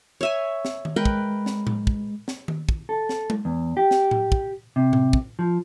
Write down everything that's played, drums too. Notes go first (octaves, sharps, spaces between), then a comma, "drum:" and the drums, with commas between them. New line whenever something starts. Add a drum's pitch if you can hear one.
C#5 E5 G#5
drum: snare
drum: tom D#3
G#3 A#4 B4 G5
drum: kick
drum: snare
drum: tom A2
drum: kick
drum: snare
drum: tom D#3
drum: kick
A4
drum: snare
drum: tom G#3
E2
G4
drum: snare
drum: tom A2
drum: kick
C3
drum: tom A2
drum: kick
F3